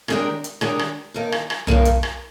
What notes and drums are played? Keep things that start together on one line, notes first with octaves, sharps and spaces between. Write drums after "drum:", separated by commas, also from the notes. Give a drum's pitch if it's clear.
D#3 G#3 D4 G4 A#4, drum: rim click
drum: hi-hat
D#3 G#3 D4 G4 A#4, drum: rim click
drum: rim click
G2 D#3 A#3 D#4
drum: rim click
drum: rim click
G2 D#3 A#3 D#4, drum: tom B1
drum: hi-hat
drum: rim click